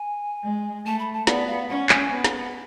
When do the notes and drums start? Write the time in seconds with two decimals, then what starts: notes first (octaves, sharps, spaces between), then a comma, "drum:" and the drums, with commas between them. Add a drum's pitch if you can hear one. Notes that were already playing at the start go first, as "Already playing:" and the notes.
Already playing: G#5
0.44 G#3
0.86 A3 A5
0.99 B5
1.13 A5
1.27 B3 D5, drum: snare
1.48 F5
1.69 C#4 F#5
1.89 G#5, drum: clap
2.10 B3
2.24 drum: snare